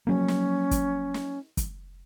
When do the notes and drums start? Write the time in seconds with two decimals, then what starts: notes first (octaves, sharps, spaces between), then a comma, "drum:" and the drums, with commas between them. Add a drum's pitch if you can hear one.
0.07 F3 F#3 A#3 C#4
0.28 drum: snare
0.71 drum: kick, hi-hat
1.14 drum: snare
1.57 drum: kick, hi-hat